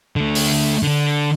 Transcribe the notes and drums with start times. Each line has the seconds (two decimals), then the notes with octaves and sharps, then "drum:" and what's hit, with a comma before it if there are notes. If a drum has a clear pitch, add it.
0.16 D3 A3
0.35 drum: open hi-hat
0.83 D3 D4